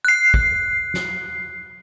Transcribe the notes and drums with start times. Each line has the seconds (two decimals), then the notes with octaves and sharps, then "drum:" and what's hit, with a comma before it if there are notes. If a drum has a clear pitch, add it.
0.05 F#6 C7
0.34 drum: kick
0.94 drum: snare